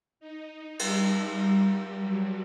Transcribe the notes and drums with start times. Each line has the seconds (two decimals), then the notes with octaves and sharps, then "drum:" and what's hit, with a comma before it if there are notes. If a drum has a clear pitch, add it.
0.20 D#4
0.79 G3, drum: cymbal
2.00 F#3